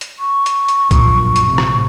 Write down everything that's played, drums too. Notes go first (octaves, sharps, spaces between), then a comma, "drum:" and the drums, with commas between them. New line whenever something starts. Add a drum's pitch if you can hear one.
drum: hi-hat
C#6
drum: hi-hat
drum: hi-hat
A#1 F#2 A#2, drum: kick, hi-hat
drum: hi-hat
A2 C3
drum: rim click